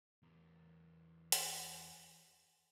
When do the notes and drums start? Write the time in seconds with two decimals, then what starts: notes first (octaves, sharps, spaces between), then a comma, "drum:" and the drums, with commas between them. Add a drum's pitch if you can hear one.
0.23 E2 A#4
1.32 drum: hi-hat